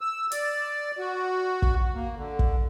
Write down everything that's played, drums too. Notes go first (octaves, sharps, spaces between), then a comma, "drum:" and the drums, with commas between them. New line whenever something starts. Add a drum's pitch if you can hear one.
E6
D5, drum: hi-hat
F#4
drum: kick
A#3
D3
drum: kick